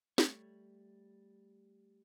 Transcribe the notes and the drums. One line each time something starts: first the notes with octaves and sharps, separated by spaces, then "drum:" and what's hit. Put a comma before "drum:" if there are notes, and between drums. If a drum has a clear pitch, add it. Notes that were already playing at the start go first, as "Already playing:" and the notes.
G3 A3 C#5, drum: snare